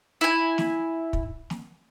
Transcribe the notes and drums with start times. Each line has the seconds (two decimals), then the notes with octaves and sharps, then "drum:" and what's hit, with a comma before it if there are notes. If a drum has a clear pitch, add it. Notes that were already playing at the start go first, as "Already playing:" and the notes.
0.21 E4 G#5
0.58 drum: snare
1.13 drum: kick
1.50 drum: snare